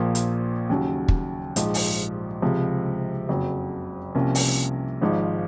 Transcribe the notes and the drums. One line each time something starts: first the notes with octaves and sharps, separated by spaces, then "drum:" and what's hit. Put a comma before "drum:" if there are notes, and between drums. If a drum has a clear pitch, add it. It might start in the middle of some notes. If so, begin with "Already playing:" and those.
Already playing: A#1 A#2 F3 A#3
drum: hi-hat
D#2 C#3 F#3 C#4
drum: kick
A#1 G#2 F3, drum: hi-hat
drum: open hi-hat
C#2 C3 F3
F#1 F2 C#3 F#3
C2 C3 F3 A#3 C#4
drum: open hi-hat
G#1 G#2 F3